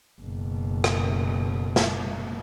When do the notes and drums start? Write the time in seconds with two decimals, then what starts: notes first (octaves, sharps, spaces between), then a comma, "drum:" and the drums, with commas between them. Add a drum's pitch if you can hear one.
0.21 F#1 B2
0.84 drum: rim click
1.76 drum: snare